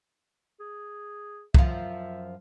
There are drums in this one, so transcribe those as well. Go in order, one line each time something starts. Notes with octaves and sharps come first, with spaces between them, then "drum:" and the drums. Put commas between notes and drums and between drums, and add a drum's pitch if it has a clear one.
G#4
F#2 F3 E5, drum: kick C2